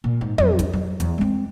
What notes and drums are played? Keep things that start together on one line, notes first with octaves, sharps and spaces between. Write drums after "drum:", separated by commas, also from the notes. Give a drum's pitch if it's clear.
A#2
G#2
F2 F#3, drum: tom
drum: kick, hi-hat
F#3
E2, drum: hi-hat
G#3 C4